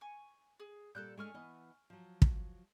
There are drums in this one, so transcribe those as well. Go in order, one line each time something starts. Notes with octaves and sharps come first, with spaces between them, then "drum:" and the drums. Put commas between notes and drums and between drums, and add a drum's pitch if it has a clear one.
G#5 C#6
G#4
A#2 G3 A4 D5 F#6 G6
G#3 A3 D4 G#5 C#6 F6
E3 B3 D#5
F3 F#3
drum: kick